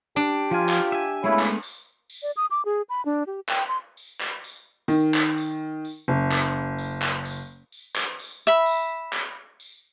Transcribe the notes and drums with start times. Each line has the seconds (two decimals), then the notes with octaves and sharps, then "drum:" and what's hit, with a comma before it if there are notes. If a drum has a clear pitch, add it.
0.16 D4 G4
0.51 F3 F4 G#5
0.69 drum: clap
0.92 E5 G#5
1.24 C#3 G#3 A3 B3 C#4 E4
1.39 drum: clap
1.63 drum: tambourine
2.10 drum: tambourine
2.23 D5
2.37 D#6
2.51 D6
2.65 G#4
2.89 B5
3.05 D4
3.27 G4
3.49 G5, drum: clap
3.68 C6
3.97 drum: tambourine
4.21 drum: clap
4.44 drum: tambourine
4.88 D#3, drum: tambourine
5.14 drum: clap
5.38 drum: tambourine
5.85 drum: tambourine
6.08 F#1
6.32 drum: clap
6.79 drum: tambourine
7.02 drum: clap
7.25 drum: tambourine
7.72 drum: tambourine
7.96 drum: clap
8.19 drum: tambourine
8.47 E5 B5
8.66 drum: tambourine
9.13 drum: clap
9.60 drum: tambourine